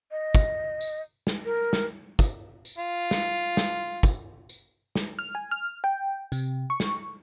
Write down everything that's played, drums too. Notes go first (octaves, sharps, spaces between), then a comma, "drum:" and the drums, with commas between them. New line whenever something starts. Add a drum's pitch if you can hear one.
D#5
drum: kick, tambourine
drum: tambourine
drum: snare
A#4
drum: snare
drum: kick, tambourine
drum: tambourine
F4
drum: snare
drum: snare
drum: kick, tambourine
drum: tambourine
drum: snare
F6
G#5
F6
G5
C3, drum: tambourine
C#6
drum: snare